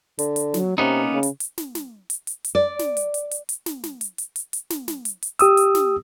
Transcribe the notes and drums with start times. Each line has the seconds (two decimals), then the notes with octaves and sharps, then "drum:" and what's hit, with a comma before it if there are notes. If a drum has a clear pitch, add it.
0.19 D3, drum: hi-hat
0.36 drum: hi-hat
0.54 F#3, drum: snare
0.78 C3 A#3 B3 C#4 D#4
1.14 C#3
1.23 drum: hi-hat
1.40 drum: hi-hat
1.58 drum: snare
1.75 drum: snare
2.10 drum: hi-hat
2.27 drum: hi-hat
2.44 drum: hi-hat
2.55 D5
2.79 drum: snare
2.97 drum: hi-hat
3.14 drum: hi-hat
3.31 drum: hi-hat
3.49 drum: hi-hat
3.66 drum: snare
3.84 drum: snare
4.01 drum: hi-hat
4.18 drum: hi-hat
4.36 drum: hi-hat
4.53 drum: hi-hat
4.70 drum: snare
4.88 drum: snare
5.05 drum: hi-hat
5.23 drum: hi-hat
5.39 G4 D#6 E6, drum: hi-hat
5.57 drum: hi-hat
5.75 drum: snare